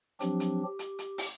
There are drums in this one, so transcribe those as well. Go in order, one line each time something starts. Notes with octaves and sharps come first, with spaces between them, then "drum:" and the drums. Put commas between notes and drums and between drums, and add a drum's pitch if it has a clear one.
F3 F#3 C4 D4 G4, drum: hi-hat
drum: hi-hat
G4
drum: hi-hat
drum: hi-hat
drum: open hi-hat